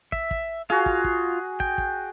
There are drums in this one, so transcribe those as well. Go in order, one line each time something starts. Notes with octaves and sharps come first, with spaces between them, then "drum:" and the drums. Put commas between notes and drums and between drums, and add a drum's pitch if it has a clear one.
E5, drum: kick
drum: kick
F4 F#4 G#4 F5
drum: kick
drum: kick
G5, drum: kick
drum: kick